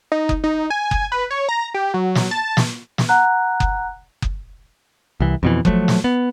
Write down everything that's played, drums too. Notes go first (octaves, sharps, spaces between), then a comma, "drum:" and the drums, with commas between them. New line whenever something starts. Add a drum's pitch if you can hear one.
D#4
drum: kick F#1
D#4
G#5
drum: kick F#1
B4
C#5
A#5
G4
F#3
drum: snare
A5
drum: snare
drum: snare
F#5 A#5 F#6
drum: kick F#1
drum: kick F#1
C2 E3
F2 B2 E3
F3 F#3 A3, drum: kick F#1
drum: snare
B3